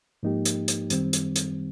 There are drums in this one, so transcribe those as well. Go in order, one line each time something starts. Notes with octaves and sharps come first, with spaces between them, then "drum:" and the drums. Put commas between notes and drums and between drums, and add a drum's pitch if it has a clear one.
G#2 F3 A#3 D#4 G4
drum: hi-hat
drum: hi-hat
F#2 D#3 G3 C4, drum: hi-hat
drum: hi-hat
drum: hi-hat